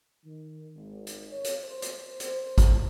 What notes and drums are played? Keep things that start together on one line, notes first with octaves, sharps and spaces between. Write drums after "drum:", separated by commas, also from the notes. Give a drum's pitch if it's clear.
D#3
G#1
drum: hi-hat
C#5
drum: hi-hat
C5
drum: hi-hat
drum: hi-hat
drum: kick G#1, hi-hat